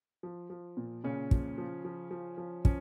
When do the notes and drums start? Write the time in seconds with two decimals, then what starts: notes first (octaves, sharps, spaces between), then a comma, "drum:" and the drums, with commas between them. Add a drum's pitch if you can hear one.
0.23 F3
0.50 F3
0.77 A#2
1.04 A#2 C#3 C#4
1.31 F3, drum: kick
1.58 F3
1.85 F3
2.11 F3
2.38 F3
2.65 F3 C#4, drum: kick